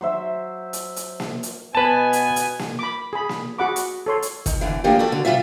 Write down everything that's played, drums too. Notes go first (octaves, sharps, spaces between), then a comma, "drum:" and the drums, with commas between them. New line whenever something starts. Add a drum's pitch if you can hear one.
F#3 C5 E5
drum: hi-hat
drum: hi-hat
drum: snare A#3
drum: hi-hat
B2 B3 B4 G#5 A5
drum: hi-hat
drum: hi-hat
drum: snare A#3
B5 D6
G#4 B5
drum: snare A#3
F#4 G#4 F#5 B5 D6
drum: hi-hat
A4 C#5 C6
drum: hi-hat
D#3, drum: kick, hi-hat
E2 D3 E3
E3 F3 A3 A#3 D4 G4
F#4 G4 A4
D3
C3 F3 G3 F4 E5